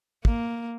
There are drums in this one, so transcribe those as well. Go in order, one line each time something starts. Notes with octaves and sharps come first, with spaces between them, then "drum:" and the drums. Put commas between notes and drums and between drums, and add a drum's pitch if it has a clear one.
A#3, drum: kick